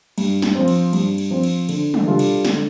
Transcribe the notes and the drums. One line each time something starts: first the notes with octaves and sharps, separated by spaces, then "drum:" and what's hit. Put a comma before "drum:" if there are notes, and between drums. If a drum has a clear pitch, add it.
G2, drum: cymbal
drum: snare
F3 C4
drum: cymbal
G2, drum: cymbal
drum: cymbal
F3 C4
drum: cymbal
D3, drum: cymbal
drum: tom
G3 D4 F4 A4
drum: cymbal
D3, drum: snare